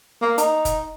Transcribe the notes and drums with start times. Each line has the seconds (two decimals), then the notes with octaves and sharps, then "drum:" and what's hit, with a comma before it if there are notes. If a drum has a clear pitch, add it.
0.21 A#3
0.38 D#4, drum: hi-hat
0.65 drum: kick, hi-hat